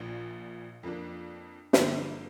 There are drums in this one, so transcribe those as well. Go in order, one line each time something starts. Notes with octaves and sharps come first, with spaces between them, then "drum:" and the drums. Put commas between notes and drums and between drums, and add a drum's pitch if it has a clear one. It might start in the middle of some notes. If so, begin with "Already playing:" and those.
Already playing: A#1 A#2 F3
F2 F3 A#3 D4
G1 G2 D3 F3 A#3, drum: snare